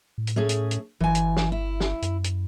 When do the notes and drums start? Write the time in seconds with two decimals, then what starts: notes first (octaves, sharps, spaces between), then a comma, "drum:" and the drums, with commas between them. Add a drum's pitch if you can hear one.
0.18 A2
0.27 drum: hi-hat
0.36 A3 C#4 G#4
0.49 drum: hi-hat
0.71 drum: hi-hat
1.00 G1 E3 G#5
1.15 drum: hi-hat
1.37 drum: snare
1.52 E4
1.80 drum: snare
2.02 F#2, drum: hi-hat
2.24 drum: hi-hat